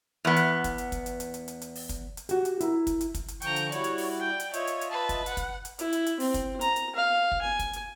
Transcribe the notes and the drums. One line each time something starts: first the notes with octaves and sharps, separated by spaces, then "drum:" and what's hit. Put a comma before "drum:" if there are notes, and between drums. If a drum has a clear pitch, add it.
E2 B3
drum: hi-hat
drum: kick, hi-hat
drum: hi-hat
drum: kick, hi-hat
drum: hi-hat
drum: hi-hat
drum: hi-hat
drum: hi-hat
drum: hi-hat
drum: open hi-hat
drum: kick, hi-hat
drum: hi-hat
F#4 G4, drum: hi-hat
drum: hi-hat
E4 A#4, drum: hi-hat
drum: kick, hi-hat
drum: hi-hat
drum: kick, hi-hat
drum: hi-hat
D3 F3 G5 A#5 C#6, drum: hi-hat
drum: hi-hat
G3 E4 F#4 C#5 D5, drum: hi-hat
drum: hi-hat
drum: open hi-hat
G5
drum: hi-hat
F4 C#5 D#5 E5, drum: hi-hat
drum: hi-hat
drum: hi-hat
B4 A5
drum: kick, hi-hat
F#5, drum: hi-hat
drum: kick, hi-hat
drum: hi-hat
E4, drum: hi-hat
drum: hi-hat
drum: hi-hat
C4, drum: open hi-hat
drum: kick, hi-hat
A#5, drum: hi-hat
drum: hi-hat
F5
drum: kick
G#5
drum: kick, hi-hat
drum: hi-hat